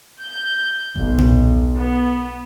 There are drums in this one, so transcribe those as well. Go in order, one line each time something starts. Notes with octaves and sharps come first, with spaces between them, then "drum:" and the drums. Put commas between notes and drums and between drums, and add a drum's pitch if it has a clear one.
G6
B1, drum: kick G1
drum: tom
B3